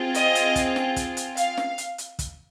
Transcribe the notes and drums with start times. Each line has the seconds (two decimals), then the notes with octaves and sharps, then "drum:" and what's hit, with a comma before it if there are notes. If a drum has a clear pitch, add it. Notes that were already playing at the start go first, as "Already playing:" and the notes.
Already playing: C4 F4 G#4
0.14 D#5, drum: hi-hat
0.35 drum: hi-hat
0.56 drum: kick, hi-hat
0.76 drum: snare
0.96 drum: kick, hi-hat
1.17 drum: hi-hat
1.37 F5, drum: hi-hat
1.57 drum: snare
1.78 drum: hi-hat
1.98 drum: hi-hat
2.19 drum: kick, hi-hat